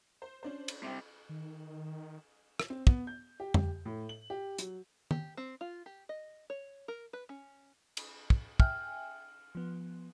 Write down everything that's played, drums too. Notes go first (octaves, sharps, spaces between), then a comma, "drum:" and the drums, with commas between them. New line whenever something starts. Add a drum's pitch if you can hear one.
C5
C#4 D4 C5
drum: cymbal
C3 G3
D#3
drum: rim click
C4
B3, drum: kick
G6
G4
drum: tom F2
A2
F#7
G4
F#3, drum: hi-hat
G4, drum: tom
C4
F4
G4
D#5
C#5
A#4
B4
C#4
drum: cymbal
drum: kick
E5 G5 G#5 F6, drum: kick
F3 B3